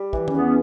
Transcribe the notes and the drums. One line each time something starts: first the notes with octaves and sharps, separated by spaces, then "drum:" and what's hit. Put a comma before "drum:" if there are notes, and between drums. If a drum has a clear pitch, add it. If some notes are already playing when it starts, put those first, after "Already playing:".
Already playing: G3
E3, drum: kick
B3 C#4, drum: tom
E2
C#4